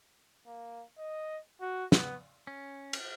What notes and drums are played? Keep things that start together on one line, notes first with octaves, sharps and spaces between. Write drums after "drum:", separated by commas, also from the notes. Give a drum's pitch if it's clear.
A#3
D#5
F#4
B3, drum: snare
C#4
drum: cymbal